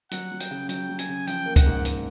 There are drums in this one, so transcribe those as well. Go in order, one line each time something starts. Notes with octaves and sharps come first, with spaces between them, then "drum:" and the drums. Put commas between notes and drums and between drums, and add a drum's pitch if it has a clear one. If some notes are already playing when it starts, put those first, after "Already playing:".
F#3 F#5, drum: hi-hat
F#3
G5, drum: hi-hat
C#3
F#3 G5, drum: hi-hat
F#3
G#5, drum: hi-hat
C#3
F3 G5, drum: hi-hat
A#3
F#5, drum: kick C#2, hi-hat
G#2
drum: hi-hat